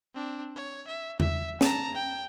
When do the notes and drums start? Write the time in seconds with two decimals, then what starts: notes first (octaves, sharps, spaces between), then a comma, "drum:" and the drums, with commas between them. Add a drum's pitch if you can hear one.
0.14 C4 D4
0.56 C#5
0.87 E5
1.20 E5, drum: tom E2
1.61 A5 A#5, drum: snare
1.95 G5